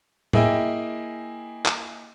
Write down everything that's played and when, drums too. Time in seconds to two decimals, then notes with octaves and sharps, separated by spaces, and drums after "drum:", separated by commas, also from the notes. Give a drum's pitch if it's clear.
0.33 A#3 E4 G#4 D#5 E5 G5, drum: tom A2
1.65 drum: clap